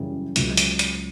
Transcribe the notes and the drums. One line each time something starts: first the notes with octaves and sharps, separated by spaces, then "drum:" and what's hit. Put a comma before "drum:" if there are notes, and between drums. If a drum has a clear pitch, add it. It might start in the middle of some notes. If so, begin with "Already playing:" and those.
Already playing: F#2 C#3 E3 G3
C#2 C#3 F#3, drum: hi-hat
drum: hi-hat
drum: hi-hat